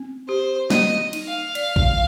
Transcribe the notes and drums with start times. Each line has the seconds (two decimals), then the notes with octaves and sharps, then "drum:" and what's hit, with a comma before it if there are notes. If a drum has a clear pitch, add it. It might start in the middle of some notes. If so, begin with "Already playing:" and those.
Already playing: C4
0.28 G4 C5
0.70 A#3 D#5, drum: snare
1.13 D#4, drum: cymbal
1.27 F5
1.55 D5, drum: cymbal
1.76 drum: kick A#1